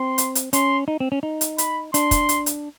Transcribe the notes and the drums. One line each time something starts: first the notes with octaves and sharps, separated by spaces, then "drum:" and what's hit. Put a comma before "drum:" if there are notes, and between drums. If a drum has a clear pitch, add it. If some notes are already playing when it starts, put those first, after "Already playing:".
Already playing: C4 C6
drum: hi-hat
drum: hi-hat
C#4 C6, drum: hi-hat
D#4
C4
C#4
D#4
drum: hi-hat
B5, drum: hi-hat
D4 C6, drum: hi-hat
drum: kick, hi-hat
drum: hi-hat
drum: hi-hat